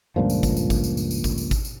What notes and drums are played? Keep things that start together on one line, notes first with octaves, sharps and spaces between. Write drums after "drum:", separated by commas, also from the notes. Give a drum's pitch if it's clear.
C#2 G2 A#2 F3
drum: tambourine
drum: kick G#1, tambourine
drum: tambourine
drum: kick G#1, tambourine
drum: tambourine
drum: tambourine
drum: tambourine
drum: kick G#1, tambourine
drum: tambourine
drum: kick G#1, tambourine
drum: tambourine